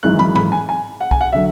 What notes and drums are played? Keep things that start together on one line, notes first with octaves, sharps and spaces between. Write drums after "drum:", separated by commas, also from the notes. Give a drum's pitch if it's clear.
G#1 F#2 E3 G#3 F#6
B5, drum: tom
B5, drum: tom
G#5
G#5
F#5
G#5, drum: kick B1
F#5
D3 F#3 E5